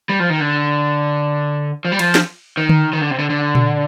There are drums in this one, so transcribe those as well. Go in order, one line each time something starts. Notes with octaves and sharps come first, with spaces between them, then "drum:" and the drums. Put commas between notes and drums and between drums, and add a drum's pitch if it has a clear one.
G3
F3
D#3
D3
F3
G3
F3, drum: cymbal
drum: snare
D#3
drum: tom D3
D#3
D3
C3
D3
D3
drum: tom A#2